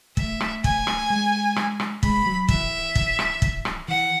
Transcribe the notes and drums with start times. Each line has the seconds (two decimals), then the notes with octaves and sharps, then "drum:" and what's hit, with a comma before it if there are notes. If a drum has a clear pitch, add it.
0.17 A3 E5, drum: kick
0.40 drum: rim click
0.64 G#5, drum: kick
0.87 drum: rim click
1.10 G#3
1.56 drum: rim click
1.80 drum: rim click
2.03 G#3 B5, drum: kick
2.26 F#3
2.49 E3 E5, drum: kick
2.95 drum: kick
3.19 drum: rim click
3.42 drum: kick
3.65 drum: rim click
3.88 E3 F#5